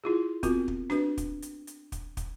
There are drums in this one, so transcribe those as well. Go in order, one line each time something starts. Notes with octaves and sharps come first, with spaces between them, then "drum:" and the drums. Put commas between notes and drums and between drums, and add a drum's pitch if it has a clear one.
E4 F4 G#4
B3 C4 F4 F#4 A#4, drum: kick, hi-hat
drum: kick
D4 F#4 B4, drum: snare
drum: kick, hi-hat
drum: hi-hat
drum: hi-hat
drum: kick, hi-hat
drum: kick, hi-hat